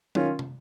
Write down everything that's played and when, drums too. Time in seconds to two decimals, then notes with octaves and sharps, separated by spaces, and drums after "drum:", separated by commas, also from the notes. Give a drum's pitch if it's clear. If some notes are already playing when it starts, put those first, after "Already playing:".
0.15 D#3 C#4 F4, drum: tom F#3
0.39 drum: tom